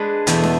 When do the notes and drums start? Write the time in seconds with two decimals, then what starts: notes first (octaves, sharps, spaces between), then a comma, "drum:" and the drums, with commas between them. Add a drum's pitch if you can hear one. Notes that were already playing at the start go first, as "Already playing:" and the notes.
Already playing: G#3 D4 G#4 B4
0.27 E2 B2 A3, drum: hi-hat
0.44 drum: snare